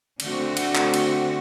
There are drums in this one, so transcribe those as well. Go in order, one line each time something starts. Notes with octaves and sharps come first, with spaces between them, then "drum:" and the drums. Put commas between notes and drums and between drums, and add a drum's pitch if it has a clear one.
D3 A3 C4 F#4, drum: cymbal
drum: cymbal
drum: clap
drum: cymbal